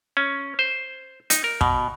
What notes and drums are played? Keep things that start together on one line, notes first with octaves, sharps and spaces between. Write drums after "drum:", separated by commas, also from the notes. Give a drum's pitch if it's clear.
C#4
C5
D#4, drum: hi-hat
A#4
B2, drum: kick